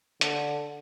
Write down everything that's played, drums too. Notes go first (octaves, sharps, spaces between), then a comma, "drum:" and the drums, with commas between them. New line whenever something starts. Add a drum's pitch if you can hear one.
D3, drum: hi-hat